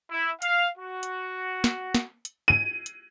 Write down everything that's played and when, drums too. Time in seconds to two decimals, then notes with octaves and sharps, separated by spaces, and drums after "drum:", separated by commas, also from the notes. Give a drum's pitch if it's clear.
0.10 E4
0.42 F5, drum: hi-hat
0.78 F#4
1.03 drum: hi-hat
1.64 drum: snare
1.94 drum: snare
2.25 drum: hi-hat
2.48 D#7
2.86 drum: hi-hat